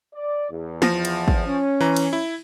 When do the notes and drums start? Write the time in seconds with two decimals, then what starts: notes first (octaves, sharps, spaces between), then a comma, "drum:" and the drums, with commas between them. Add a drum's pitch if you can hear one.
0.14 D5
0.51 E2
0.82 F3 A#6, drum: snare
1.05 drum: cymbal
1.28 drum: kick
1.47 C#4
1.80 E3 A#5
1.96 drum: cymbal
2.13 E4